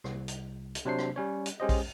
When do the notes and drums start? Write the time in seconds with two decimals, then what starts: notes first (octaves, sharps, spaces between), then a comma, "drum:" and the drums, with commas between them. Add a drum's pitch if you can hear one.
0.04 C2, drum: rim click
0.28 drum: hi-hat
0.75 drum: hi-hat
0.85 C3 F#3 D4 C5 C7
0.99 drum: rim click
1.16 G3 C#4 C#5
1.46 drum: hi-hat
1.60 G#3 C#4 G4 C5 D#5
1.69 drum: kick A#1, open hi-hat